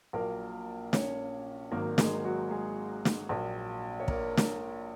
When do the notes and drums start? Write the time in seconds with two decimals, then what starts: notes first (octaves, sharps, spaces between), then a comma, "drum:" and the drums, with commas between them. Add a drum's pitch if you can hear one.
0.13 A#1 A#2 F#3 A#3 A#4
0.93 C#4 C#5, drum: snare
1.71 G#1 G#2 D#3 F#3 A#3 A#4
1.98 G#3 G#4, drum: snare
2.24 F#3 F#4
2.51 G#3 G#4
3.05 drum: snare
3.29 A#1 A#2 F#3
4.00 C#5
4.08 A#3 A#4, drum: kick
4.37 drum: snare